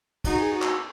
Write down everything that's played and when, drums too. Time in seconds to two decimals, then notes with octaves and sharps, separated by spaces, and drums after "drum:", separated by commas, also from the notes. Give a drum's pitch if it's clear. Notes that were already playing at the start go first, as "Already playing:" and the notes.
0.24 D#4 F#4, drum: kick, cymbal
0.38 G#4
0.52 F#4
0.62 drum: clap